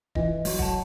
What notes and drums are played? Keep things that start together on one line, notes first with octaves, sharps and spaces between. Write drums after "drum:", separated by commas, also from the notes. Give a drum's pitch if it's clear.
E3 D#5, drum: kick E1
F#3, drum: open hi-hat
F#5 A5, drum: kick E1